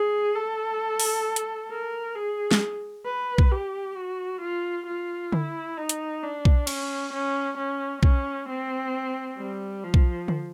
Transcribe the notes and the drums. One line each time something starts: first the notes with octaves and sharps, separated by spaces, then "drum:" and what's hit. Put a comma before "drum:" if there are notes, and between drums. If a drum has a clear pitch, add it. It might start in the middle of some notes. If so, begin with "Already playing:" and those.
Already playing: G#4
A4
drum: open hi-hat
drum: hi-hat
A#4
G#4
drum: snare
B4
drum: kick B1
G4
F#4
F4
F4
E4, drum: tom D3
D#4
drum: hi-hat
D4
drum: kick B1
C#4, drum: cymbal
C#4
C#4
C#4, drum: kick B1
C4
G3
F3
drum: kick B1
drum: tom D3